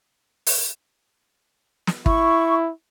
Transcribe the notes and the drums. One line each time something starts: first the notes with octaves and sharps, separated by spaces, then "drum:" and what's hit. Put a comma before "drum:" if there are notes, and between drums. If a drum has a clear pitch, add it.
drum: open hi-hat
drum: snare
E4 C#6, drum: kick